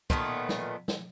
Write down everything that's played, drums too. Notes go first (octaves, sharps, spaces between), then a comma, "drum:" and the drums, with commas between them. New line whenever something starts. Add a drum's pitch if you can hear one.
A#2 D#3 A3 B3, drum: kick
drum: snare
drum: snare